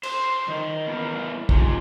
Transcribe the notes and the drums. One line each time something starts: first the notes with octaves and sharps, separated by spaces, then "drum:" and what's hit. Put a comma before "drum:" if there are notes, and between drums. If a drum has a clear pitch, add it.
C5, drum: cymbal
D#3
B3 E4 A#4
F#3 D#4 F4 G4 G#4, drum: kick